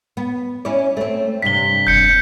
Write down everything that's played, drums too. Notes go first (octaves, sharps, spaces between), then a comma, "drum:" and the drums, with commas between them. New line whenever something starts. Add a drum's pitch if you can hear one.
B3
C#4 E4 D5
A3 C4
G2 C3 B6 G7
G6 C#7, drum: kick E1